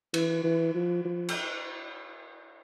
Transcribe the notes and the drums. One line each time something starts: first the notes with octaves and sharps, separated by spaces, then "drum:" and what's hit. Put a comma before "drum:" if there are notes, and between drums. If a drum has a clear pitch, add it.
E3, drum: cymbal
E3
F3
F3
drum: cymbal